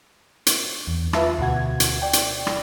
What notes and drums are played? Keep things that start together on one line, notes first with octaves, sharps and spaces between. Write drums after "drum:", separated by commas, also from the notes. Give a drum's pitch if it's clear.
drum: hi-hat
E2
F4 B4 E5 A5, drum: rim click
D2 B2 F#4 G#6
drum: hi-hat
D5 G5
drum: hi-hat
drum: rim click